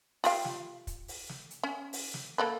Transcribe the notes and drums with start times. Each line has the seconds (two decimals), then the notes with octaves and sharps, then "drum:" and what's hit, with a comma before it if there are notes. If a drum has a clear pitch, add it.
0.24 F4 G4 F5, drum: open hi-hat
0.45 drum: snare
0.87 drum: kick, hi-hat
1.08 drum: open hi-hat
1.29 drum: snare
1.51 drum: hi-hat
1.63 C#4
1.93 drum: open hi-hat
2.14 drum: snare
2.38 A#3 A4 B4